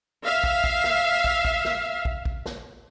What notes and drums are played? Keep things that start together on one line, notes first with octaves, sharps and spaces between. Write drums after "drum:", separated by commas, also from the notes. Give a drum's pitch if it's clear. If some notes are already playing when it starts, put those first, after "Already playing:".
E5 F5
drum: kick
drum: kick
drum: snare
drum: kick
drum: kick
drum: snare
drum: kick
drum: kick
drum: snare